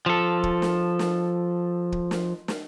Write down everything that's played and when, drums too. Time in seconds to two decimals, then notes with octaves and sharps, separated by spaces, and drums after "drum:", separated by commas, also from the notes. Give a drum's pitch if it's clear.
0.06 F3 A4
0.43 drum: kick
0.62 drum: snare
0.99 drum: snare
1.92 drum: kick
2.11 drum: snare
2.48 drum: snare